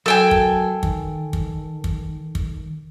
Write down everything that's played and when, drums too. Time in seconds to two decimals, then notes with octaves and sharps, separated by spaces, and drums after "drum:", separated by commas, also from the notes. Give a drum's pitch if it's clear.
0.06 F#3 A4 A#4 G5 G#5
0.31 drum: kick
0.83 D#3, drum: kick
1.33 drum: kick
1.84 drum: kick
2.35 drum: kick